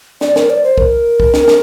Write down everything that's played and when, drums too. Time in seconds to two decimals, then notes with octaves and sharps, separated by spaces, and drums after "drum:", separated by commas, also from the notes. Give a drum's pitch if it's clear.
0.21 D5, drum: snare
0.36 A#4, drum: snare
0.50 D5
0.63 C5
0.78 A#4, drum: kick
1.20 drum: kick
1.34 drum: snare
1.48 drum: snare